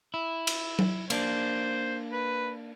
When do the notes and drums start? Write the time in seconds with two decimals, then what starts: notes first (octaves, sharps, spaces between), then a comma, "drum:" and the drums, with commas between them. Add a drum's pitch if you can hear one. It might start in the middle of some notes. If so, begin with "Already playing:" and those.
0.14 E4
0.47 drum: cymbal
0.79 drum: tom F#3
1.10 A#3 D4 C5, drum: cymbal
2.12 B4